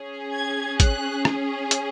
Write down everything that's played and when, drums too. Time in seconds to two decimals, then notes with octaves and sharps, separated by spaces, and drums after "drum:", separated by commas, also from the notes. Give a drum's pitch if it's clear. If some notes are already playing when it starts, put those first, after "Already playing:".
Already playing: C#4 G#4
0.33 G#6
0.80 F#6, drum: kick, hi-hat
1.25 drum: rim click
1.71 drum: hi-hat